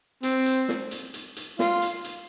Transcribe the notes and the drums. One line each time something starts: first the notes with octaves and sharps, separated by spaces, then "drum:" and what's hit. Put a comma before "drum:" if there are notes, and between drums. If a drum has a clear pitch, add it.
C4, drum: hi-hat
drum: hi-hat
drum: snare
drum: hi-hat
drum: hi-hat
drum: hi-hat
F4, drum: snare
drum: hi-hat
drum: hi-hat